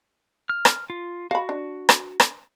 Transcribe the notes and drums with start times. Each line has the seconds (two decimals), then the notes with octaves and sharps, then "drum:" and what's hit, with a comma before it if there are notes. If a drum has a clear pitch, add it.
0.49 F6
0.65 drum: rim click
0.90 F4
1.31 F#4 F5 B5
1.49 D4
1.89 drum: rim click
2.20 drum: rim click